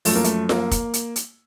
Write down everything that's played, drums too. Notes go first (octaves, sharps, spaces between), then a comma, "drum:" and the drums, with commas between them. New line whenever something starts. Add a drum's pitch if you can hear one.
F#2 F3 A3, drum: open hi-hat
A#3
A3, drum: hi-hat
A#3, drum: snare F4
drum: kick, hi-hat
drum: hi-hat
drum: hi-hat